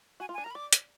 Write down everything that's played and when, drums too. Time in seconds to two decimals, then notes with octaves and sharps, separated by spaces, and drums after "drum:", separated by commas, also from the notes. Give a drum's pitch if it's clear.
0.20 F#4 G#5
0.29 F4
0.34 D4 G#5
0.44 A#4 A#5
0.51 B5
0.55 D5 D6
0.73 drum: hi-hat